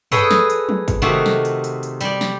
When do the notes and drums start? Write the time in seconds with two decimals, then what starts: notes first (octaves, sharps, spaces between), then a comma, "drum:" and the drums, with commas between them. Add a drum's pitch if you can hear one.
0.12 G#4 A4 B4 C#5 D#5 G5, drum: tom G2
0.31 drum: snare
0.50 drum: hi-hat
0.69 drum: tom F3
0.88 drum: kick, hi-hat
1.02 C3 D#3 A3 F#4
1.26 drum: snare
1.45 drum: hi-hat
1.64 drum: hi-hat
1.83 drum: hi-hat
2.00 G3 D5, drum: hi-hat
2.21 drum: snare